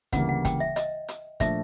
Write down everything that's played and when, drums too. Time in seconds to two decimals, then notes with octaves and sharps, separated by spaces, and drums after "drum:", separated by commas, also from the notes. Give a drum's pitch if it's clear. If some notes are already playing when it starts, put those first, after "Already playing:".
0.12 D2 C#3 E3 G3 A#3 F#5, drum: kick, hi-hat
0.29 F#5
0.45 G5, drum: kick, hi-hat
0.60 E5
0.76 D#5, drum: hi-hat
1.08 drum: hi-hat
1.40 A#2 F3 A3 D4 E5, drum: kick, hi-hat